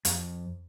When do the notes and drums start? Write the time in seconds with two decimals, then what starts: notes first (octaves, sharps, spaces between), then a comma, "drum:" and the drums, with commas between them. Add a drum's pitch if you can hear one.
0.05 F2, drum: hi-hat